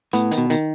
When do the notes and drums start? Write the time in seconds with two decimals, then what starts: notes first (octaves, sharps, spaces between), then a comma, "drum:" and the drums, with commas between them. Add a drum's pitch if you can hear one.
0.13 A2 B3, drum: hi-hat
0.31 D#3, drum: hi-hat
0.38 B2
0.50 D#3, drum: hi-hat